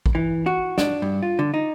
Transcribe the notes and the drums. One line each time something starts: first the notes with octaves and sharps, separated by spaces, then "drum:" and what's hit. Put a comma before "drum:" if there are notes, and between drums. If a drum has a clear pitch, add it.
drum: kick A1
E3
F#4
D4, drum: snare
G2
F4
D3
D#4